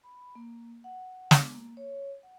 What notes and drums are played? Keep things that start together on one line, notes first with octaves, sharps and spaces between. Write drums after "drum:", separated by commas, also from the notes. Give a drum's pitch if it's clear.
B5
A#3
F#5
B3, drum: snare
A#3
C#5
F#5